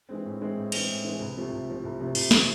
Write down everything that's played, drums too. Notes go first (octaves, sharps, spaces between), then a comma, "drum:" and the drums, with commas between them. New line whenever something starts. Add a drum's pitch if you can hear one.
E3 G#3 C4
A2
E3 G#3 C4
A2
E3 G#3 C4, drum: cymbal
A2
E3 G#3 C4
C2
C3 F3 A3
C2
C3 F3 A3
C2
C3 F3 A3
C2, drum: cymbal
C3 F3 A3, drum: snare